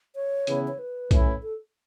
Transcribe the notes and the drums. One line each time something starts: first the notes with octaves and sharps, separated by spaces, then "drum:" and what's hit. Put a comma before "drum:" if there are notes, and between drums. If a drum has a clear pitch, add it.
C#5
C#3 E3 B3 E4, drum: hi-hat
C#5
B4
A2 E3 C#4 E4, drum: kick B1, hi-hat
A4